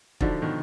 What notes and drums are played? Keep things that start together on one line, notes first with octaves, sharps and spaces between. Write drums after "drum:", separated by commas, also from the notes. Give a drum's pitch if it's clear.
D3 F3 D#4 F#4 D5, drum: kick
B2 D#3